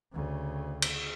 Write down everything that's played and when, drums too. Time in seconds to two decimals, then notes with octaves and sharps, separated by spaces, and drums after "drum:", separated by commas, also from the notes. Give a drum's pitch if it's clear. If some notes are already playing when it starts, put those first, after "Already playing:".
0.13 D2 C#3
0.82 drum: cymbal